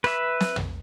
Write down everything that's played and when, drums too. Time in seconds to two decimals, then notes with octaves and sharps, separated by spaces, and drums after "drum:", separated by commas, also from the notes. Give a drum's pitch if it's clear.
0.04 B4 E5, drum: rim click
0.40 drum: snare
0.56 drum: tom